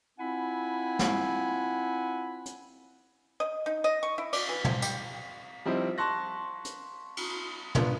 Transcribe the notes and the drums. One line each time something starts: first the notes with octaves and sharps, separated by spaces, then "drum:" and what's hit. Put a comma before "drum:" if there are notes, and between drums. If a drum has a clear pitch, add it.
C4 E4 F4 F#5 G#5 B5
drum: snare
drum: hi-hat
D#5
D#4
D#5
C#6
E4
D5, drum: cymbal
E3
F3, drum: tom
G3, drum: tambourine
F3 G3 C4 D#4 E4
A5 C6 C#6 F#6 A#6
drum: hi-hat
drum: cymbal
B3 D4 F4, drum: tom